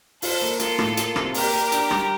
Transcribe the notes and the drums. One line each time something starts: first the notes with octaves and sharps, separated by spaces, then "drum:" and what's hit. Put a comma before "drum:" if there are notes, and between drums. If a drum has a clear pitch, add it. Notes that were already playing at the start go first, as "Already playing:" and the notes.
F4 A4 C5, drum: open hi-hat
A#3
A#3 F4 A4, drum: hi-hat
A2, drum: rim click
A#3, drum: hi-hat
C3, drum: rim click
A#3 G4 A#4, drum: open hi-hat
A#3
D4, drum: hi-hat
G3, drum: rim click